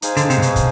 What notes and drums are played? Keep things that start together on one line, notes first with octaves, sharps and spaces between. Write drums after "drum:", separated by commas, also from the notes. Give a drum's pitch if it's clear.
D#4 G#4 C5 F5 G#5, drum: hi-hat
D3, drum: hi-hat
C3, drum: hi-hat
G#2
B2, drum: hi-hat
drum: kick, hi-hat